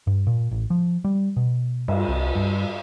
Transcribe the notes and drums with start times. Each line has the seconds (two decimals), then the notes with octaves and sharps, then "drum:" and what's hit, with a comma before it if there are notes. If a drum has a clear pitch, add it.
0.07 G2
0.27 A#2
0.51 A1
0.70 F3
1.04 G3
1.37 B2
1.88 G2, drum: cymbal
2.08 C2
2.35 G2